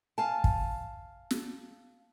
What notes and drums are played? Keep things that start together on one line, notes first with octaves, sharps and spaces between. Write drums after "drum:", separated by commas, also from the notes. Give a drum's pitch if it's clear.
F5 G#5 A5
drum: kick
drum: snare